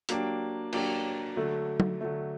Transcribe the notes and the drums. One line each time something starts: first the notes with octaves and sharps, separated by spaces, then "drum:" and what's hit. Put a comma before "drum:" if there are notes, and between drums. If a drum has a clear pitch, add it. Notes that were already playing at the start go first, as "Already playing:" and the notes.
F#3 A#3 D4 G4, drum: hi-hat
F#3 A#3 D4 G4, drum: cymbal
D3 F#3 A3
drum: tom
D3 F#3 A3